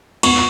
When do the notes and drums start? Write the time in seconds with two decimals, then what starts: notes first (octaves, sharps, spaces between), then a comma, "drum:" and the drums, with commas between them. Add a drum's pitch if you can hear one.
0.23 B3 C#6, drum: cymbal